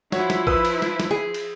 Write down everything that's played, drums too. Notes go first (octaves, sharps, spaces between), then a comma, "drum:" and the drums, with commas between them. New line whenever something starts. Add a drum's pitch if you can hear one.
F3 E4 F#4 C#5, drum: snare
drum: snare
B4 D#6 E6, drum: kick A1
drum: cymbal
drum: snare
drum: snare
G#4
drum: cymbal